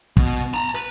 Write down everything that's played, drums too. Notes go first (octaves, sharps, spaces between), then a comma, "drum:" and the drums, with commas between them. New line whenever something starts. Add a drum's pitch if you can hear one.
B2, drum: kick
A5 A#5
B4